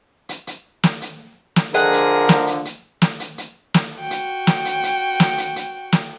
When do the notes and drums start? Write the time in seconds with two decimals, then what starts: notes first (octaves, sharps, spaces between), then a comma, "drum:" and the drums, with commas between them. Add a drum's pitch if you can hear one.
0.29 drum: hi-hat
0.47 drum: hi-hat
0.83 drum: snare
1.02 drum: hi-hat
1.56 drum: snare
1.74 D3 F3 G#3 G4 G#4 A#4 F#5, drum: hi-hat
1.93 drum: hi-hat
2.29 drum: snare
2.47 drum: hi-hat
2.65 drum: hi-hat
3.02 drum: snare
3.20 drum: hi-hat
3.38 drum: hi-hat
3.74 drum: snare
3.99 F#4 G5
4.11 drum: hi-hat
4.47 drum: snare
4.65 drum: hi-hat
4.83 drum: hi-hat
5.20 drum: snare
5.38 drum: hi-hat
5.56 drum: hi-hat
5.92 drum: snare